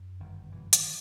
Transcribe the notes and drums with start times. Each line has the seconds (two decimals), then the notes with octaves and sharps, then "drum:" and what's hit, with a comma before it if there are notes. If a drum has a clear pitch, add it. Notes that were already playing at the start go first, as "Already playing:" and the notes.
Already playing: F#2
0.20 G1 D#3
0.52 B2 E3
0.73 D#3 F#3, drum: hi-hat